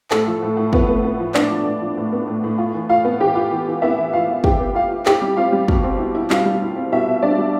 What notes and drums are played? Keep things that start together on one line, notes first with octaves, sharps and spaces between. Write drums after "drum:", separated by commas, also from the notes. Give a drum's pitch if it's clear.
A2 A4, drum: clap
F3
A2
A2
F3 B3 B4, drum: kick
B3
B3
F3
B3 D4 D5, drum: clap
F3
A2
F3
A2
B3
A2
A2
F4
E3
F4 F5
B3
E3 G4 G5
F4
E3
E3
B3 E4 E5
E3
E3 F4 F5
F4
E3 G4 G5, drum: kick
B3
F4 F5
F4
E4 G4 G5, drum: clap
G3
C4 F4 F5
G3
B2, drum: kick
C4
E4
E4
G3 F4 F5, drum: clap
G3
E4
C4
B2 E4 E5
B2
G3 D4 D5
G3